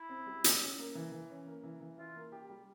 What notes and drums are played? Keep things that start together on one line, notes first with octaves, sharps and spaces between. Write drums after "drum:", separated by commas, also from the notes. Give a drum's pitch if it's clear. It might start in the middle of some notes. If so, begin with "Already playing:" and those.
Already playing: E4
C4
G3
G3, drum: hi-hat
C#4
A#3
E3
E3
C#4
A#3
E3
E3
E4 F4
A#3
G4
G3